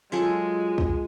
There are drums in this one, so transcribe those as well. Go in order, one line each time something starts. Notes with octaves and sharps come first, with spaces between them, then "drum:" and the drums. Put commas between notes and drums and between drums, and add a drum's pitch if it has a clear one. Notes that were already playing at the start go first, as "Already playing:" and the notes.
F#3 G#3 F4 G#4 A4
drum: kick